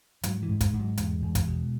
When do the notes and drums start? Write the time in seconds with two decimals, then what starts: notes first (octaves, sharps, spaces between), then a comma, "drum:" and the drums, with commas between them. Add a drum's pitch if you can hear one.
0.23 G#2 F#3, drum: hi-hat
0.42 E3
0.49 G#2
0.61 G#3, drum: kick, hi-hat
0.73 G#2
0.80 F#3
0.98 E2 G#3, drum: hi-hat
1.22 E2
1.35 drum: kick, hi-hat
1.47 B2